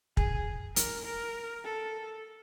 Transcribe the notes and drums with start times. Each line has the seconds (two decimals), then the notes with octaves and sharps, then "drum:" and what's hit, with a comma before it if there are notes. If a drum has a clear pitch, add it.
0.17 G#4, drum: kick
0.76 A#4, drum: hi-hat
1.06 A#4
1.65 A4